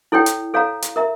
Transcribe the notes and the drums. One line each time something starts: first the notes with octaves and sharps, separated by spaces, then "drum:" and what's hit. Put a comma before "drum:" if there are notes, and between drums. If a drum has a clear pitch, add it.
E4 A4 C#5 G5
drum: hi-hat
A4 C#5 F5 A#5
drum: hi-hat
A#4 E5 A#5